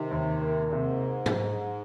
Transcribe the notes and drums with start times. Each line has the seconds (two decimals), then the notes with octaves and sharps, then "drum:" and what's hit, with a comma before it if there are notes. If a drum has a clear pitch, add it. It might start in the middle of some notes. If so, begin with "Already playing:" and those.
Already playing: C3 D#3
0.11 D#2
0.41 A#3
0.64 A#2
0.73 G#2 C3
1.26 drum: tom G#2